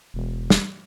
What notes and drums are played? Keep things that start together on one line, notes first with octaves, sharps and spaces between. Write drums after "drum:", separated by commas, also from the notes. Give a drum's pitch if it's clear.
E1
drum: snare